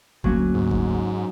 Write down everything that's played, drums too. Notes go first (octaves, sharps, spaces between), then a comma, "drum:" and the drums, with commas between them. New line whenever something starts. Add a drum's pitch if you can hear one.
D2 F#3 A#3 C#4, drum: kick G1
G#2
drum: kick G1